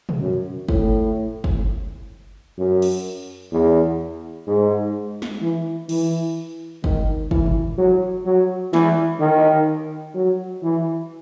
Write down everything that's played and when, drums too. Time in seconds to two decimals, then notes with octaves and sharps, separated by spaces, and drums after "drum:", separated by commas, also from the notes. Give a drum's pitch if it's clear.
0.09 drum: tom
0.21 F#2
0.69 A2, drum: kick
1.44 drum: kick
2.58 F#2
2.82 drum: cymbal
3.52 E2
4.47 G#2
5.22 drum: snare
5.41 E3
5.89 E3, drum: cymbal
6.84 D#3, drum: kick
7.31 E3, drum: kick
7.46 drum: tom
7.78 F#3
8.26 F#3
8.73 E3, drum: snare
9.20 D#3
10.15 F#3
10.63 E3